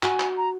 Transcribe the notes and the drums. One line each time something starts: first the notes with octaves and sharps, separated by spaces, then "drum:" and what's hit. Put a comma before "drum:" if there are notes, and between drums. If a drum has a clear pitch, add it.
F#4 G#5, drum: clap
drum: clap
A#5